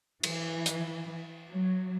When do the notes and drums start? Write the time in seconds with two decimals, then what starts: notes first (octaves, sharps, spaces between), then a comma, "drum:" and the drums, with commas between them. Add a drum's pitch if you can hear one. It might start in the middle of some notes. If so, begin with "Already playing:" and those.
0.23 E3, drum: cymbal
0.66 drum: hi-hat
1.48 F#3